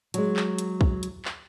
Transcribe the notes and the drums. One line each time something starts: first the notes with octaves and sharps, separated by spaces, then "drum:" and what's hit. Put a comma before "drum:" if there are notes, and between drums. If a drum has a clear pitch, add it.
F#3 G#3, drum: hi-hat
drum: clap
drum: hi-hat
drum: kick
drum: hi-hat
drum: clap